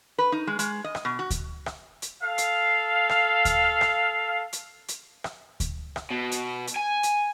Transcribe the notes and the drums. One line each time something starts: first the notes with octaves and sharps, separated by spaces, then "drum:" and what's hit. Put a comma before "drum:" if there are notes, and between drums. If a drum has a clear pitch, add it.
B4
D#4
G#3
G#3, drum: hi-hat
D#5
drum: rim click
B2
F#4
drum: kick D2, hi-hat
drum: rim click
drum: hi-hat
A4 F5
drum: hi-hat
drum: rim click
drum: kick D2, hi-hat
drum: rim click
drum: hi-hat
drum: hi-hat
drum: rim click
drum: kick D2, hi-hat
drum: rim click
B2
drum: hi-hat
drum: hi-hat
G#5
drum: hi-hat